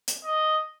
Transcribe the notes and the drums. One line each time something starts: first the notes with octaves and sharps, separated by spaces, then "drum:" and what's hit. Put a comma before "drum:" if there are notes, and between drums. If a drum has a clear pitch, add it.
drum: hi-hat
D#5